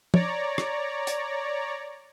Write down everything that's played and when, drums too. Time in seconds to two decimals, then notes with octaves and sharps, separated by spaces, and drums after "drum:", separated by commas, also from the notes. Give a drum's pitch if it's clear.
0.14 C#5 D5 A#5, drum: tom
0.58 drum: rim click
1.07 drum: hi-hat